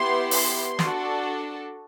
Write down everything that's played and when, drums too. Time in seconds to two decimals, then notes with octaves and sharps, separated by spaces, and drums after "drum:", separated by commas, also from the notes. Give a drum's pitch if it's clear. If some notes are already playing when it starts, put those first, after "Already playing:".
Already playing: B3 E4 G4 C6
0.31 C6, drum: open hi-hat
0.79 D4 F#4 A4, drum: snare